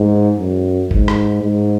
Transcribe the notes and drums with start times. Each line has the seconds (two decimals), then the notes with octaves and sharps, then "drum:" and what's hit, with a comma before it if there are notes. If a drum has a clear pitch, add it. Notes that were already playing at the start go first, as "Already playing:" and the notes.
Already playing: G#2
0.39 F#2
0.91 G#2, drum: kick G1
1.08 drum: rim click
1.42 G#2